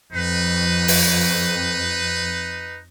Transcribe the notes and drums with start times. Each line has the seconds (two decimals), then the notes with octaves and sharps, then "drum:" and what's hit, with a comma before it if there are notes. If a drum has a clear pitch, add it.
0.13 F2 D#4 B4
0.88 drum: open hi-hat